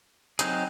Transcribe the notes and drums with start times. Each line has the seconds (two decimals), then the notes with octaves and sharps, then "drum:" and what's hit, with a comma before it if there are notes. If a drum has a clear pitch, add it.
0.39 F#3 C4 D#4 G#4, drum: hi-hat